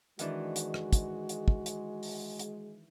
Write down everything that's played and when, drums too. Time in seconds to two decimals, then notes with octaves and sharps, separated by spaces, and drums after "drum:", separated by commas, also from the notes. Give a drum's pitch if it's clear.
0.19 D#3 E3 G#3 D4 F#4, drum: hi-hat
0.56 drum: hi-hat
0.74 drum: rim click
0.93 drum: kick, hi-hat
1.29 drum: hi-hat
1.48 drum: kick
1.66 drum: hi-hat
2.03 drum: open hi-hat
2.39 drum: hi-hat